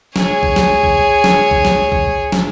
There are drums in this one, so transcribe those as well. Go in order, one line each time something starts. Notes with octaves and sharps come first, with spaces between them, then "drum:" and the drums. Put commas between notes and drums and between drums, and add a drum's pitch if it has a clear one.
G#4 C#5, drum: snare
drum: kick B1
drum: snare
drum: kick B1
drum: snare
drum: kick B1
drum: snare
drum: kick B1
drum: snare